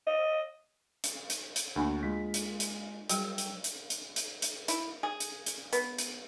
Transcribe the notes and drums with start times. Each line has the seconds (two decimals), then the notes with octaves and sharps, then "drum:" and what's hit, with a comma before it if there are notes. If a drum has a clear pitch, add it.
0.07 D#5
1.04 drum: hi-hat
1.30 drum: hi-hat
1.56 drum: hi-hat
1.76 D2 A#3 D4 F#4 G#5
2.03 G#3 F4 B6
2.34 drum: hi-hat
2.60 drum: hi-hat
3.10 F#3 G3 G#4 G5 E6, drum: hi-hat
3.38 drum: hi-hat
3.64 drum: hi-hat
3.90 drum: hi-hat
4.16 drum: hi-hat
4.42 drum: hi-hat
4.68 E4, drum: hi-hat
5.03 G#4
5.20 drum: hi-hat
5.46 drum: hi-hat
5.73 B3, drum: hi-hat
5.99 drum: hi-hat